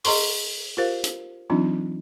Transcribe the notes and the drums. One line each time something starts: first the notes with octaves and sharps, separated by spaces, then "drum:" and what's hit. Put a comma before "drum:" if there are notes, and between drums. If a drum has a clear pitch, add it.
G#4 D#5 A#5 C6 C#6, drum: open hi-hat
F4 G4 A#4 C5 F5
drum: hi-hat
E3 F#3 C4 D4 D#4 F4